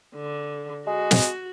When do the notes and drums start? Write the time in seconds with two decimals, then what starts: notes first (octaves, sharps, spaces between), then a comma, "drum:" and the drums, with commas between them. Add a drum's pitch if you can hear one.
0.15 D3
0.87 G#3 F#4
1.11 drum: snare